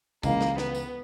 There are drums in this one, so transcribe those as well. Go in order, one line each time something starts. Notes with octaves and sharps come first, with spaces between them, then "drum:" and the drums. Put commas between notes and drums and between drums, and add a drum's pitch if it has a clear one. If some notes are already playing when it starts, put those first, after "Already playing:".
C#2 C#3 E3 A#3, drum: kick, tambourine
drum: snare
B3, drum: snare
drum: tambourine